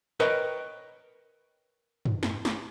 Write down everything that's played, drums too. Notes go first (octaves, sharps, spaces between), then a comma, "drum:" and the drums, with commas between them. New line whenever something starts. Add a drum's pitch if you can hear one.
A#4 B4 C#5 D#5 G5
drum: tom
drum: snare
drum: snare